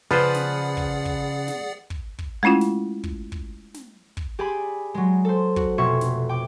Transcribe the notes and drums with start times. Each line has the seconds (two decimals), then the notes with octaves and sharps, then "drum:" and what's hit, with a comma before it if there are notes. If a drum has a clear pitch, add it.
0.11 C#3 F3 F4 G#4 B4 C5 D5 F#5
0.34 drum: snare
0.77 drum: kick
1.05 drum: kick
1.48 drum: snare
1.90 drum: kick
2.19 drum: kick
2.43 G#3 A3 C#4 E4 F4
2.61 drum: snare
3.04 drum: kick
3.32 drum: kick
3.74 drum: snare
4.17 drum: kick
4.39 G4 G#4 D5 G#5 B5
4.94 F#3 G#3
5.25 A4 C5
5.56 F#4, drum: kick
5.78 F1 B2 C4 E5 C#6 G#6
6.01 drum: snare
6.29 G5 D6